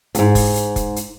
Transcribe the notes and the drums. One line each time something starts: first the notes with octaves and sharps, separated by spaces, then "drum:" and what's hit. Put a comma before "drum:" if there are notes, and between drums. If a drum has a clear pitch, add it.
E2 G#2, drum: hi-hat
drum: kick F1, open hi-hat
drum: hi-hat
drum: kick F1, hi-hat
drum: hi-hat